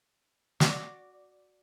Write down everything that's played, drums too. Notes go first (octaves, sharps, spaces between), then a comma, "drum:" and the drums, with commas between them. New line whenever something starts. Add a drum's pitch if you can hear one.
F#4 D5, drum: snare